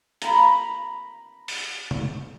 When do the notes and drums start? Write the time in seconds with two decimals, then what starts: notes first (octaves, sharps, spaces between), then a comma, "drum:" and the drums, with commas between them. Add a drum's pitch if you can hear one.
0.22 A#5 B5, drum: hi-hat
1.48 drum: open hi-hat
1.91 drum: tom